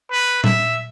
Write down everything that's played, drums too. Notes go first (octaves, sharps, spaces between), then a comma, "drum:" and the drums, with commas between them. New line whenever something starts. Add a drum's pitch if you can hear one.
B4
E5, drum: tom A#2